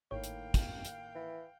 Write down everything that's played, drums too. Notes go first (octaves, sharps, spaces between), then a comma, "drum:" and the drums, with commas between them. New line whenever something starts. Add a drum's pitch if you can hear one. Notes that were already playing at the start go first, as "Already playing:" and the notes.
G#1 A2 D#3 A#3 C#5 F5 G5
drum: hi-hat
drum: kick, hi-hat
drum: hi-hat
E3